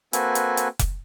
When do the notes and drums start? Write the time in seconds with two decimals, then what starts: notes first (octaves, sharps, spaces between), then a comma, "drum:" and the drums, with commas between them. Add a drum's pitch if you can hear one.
0.13 A#3 C4 F#4 A4 B4 G#5, drum: hi-hat
0.35 drum: hi-hat
0.57 drum: hi-hat
0.79 drum: kick F1, hi-hat